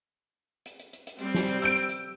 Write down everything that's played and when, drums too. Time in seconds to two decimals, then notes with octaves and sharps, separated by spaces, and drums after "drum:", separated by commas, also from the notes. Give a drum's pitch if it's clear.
0.66 drum: hi-hat
0.80 drum: hi-hat
0.93 drum: hi-hat
1.07 drum: hi-hat
1.19 G3 C4, drum: hi-hat
1.34 drum: snare
1.48 drum: hi-hat
1.62 E6 G6 D7, drum: hi-hat
1.76 drum: hi-hat
1.89 drum: hi-hat